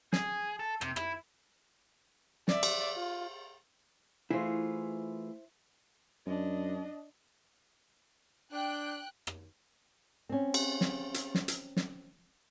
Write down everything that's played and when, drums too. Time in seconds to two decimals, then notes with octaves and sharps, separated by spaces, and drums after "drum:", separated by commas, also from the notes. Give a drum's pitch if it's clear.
0.13 G#4, drum: snare
0.59 A4
0.81 C3, drum: rim click
0.96 E4, drum: rim click
2.48 D5 E5, drum: snare
2.63 drum: cymbal
2.96 F4
4.31 E3 A3 E4 F4 G#4 C5
6.26 F#2 D4 D#5
8.52 D4 G5 F#6
9.27 drum: rim click
10.29 C4 C#4
10.54 drum: cymbal
10.81 drum: snare
11.14 drum: hi-hat
11.35 drum: snare
11.48 drum: hi-hat
11.77 drum: snare